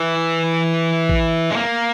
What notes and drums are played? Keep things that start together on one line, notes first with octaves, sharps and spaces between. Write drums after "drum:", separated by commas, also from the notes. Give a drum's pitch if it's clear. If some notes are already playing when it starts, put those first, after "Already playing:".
Already playing: E3
drum: kick A1
G#3
A#3